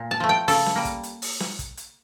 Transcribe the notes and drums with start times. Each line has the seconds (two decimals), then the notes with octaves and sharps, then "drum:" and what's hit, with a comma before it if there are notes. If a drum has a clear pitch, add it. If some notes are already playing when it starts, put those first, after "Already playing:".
Already playing: A#2
0.11 A5
0.20 F3 A3
0.29 G5
0.48 C#3 A4, drum: open hi-hat
0.66 drum: snare
0.76 G3 A#3
0.85 drum: kick, hi-hat
1.03 drum: hi-hat
1.22 drum: open hi-hat
1.40 drum: snare
1.59 drum: kick, hi-hat
1.77 drum: hi-hat